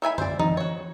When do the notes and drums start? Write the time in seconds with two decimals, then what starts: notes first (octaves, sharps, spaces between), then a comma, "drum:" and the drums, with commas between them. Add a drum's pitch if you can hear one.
0.02 D#3 E5 G#5 B5
0.18 C5 D5, drum: tom
0.39 D#4, drum: tom E3
0.57 F#4 C#5